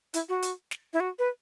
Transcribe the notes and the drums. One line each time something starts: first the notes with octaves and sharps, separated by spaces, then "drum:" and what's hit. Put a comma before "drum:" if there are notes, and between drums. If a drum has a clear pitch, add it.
E4, drum: hi-hat
F#4
drum: hi-hat
drum: snare
E4
F#4
B4